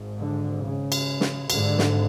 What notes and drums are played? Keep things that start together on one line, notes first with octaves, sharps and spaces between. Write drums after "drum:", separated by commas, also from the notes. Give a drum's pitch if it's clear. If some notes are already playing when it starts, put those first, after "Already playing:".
Already playing: G#1 G#2
D3
C#3
drum: cymbal
drum: snare
G#1 G#2 D3, drum: cymbal
drum: snare